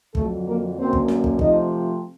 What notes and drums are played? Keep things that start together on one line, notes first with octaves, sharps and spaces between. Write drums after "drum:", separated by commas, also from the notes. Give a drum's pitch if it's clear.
F2 D3 F#3 A3 A4, drum: kick
A#3 A#4
F#2 D3 F#3 A#3 C4 C5
drum: kick
drum: snare
drum: kick
C3 F3 A3 C4 D#4 D#5, drum: kick